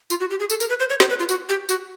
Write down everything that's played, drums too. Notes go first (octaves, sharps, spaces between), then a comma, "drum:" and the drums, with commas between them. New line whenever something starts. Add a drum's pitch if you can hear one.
F4, drum: tambourine
F#4
G4
G#4
A4, drum: tambourine
A#4, drum: tambourine
B4
C5
C#5
C5, drum: snare
B4
F4
F#4, drum: tambourine
G4
F#4, drum: tambourine